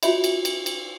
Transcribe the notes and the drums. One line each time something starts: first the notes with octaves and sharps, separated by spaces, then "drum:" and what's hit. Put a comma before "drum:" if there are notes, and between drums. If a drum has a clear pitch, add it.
F4 F#4 C#5 E5 B5, drum: cymbal
drum: cymbal
drum: cymbal
drum: cymbal